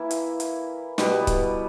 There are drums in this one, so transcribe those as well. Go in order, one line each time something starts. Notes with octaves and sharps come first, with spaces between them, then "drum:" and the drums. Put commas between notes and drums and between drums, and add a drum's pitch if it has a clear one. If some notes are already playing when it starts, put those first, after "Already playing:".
Already playing: E3 A#3 E4
drum: hi-hat
drum: hi-hat
B2 G3 B3, drum: snare
drum: kick C#1, hi-hat